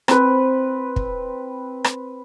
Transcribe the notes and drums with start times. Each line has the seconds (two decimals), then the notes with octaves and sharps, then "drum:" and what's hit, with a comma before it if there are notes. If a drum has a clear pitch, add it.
0.08 C4 B4, drum: rim click
0.96 drum: kick
1.84 drum: rim click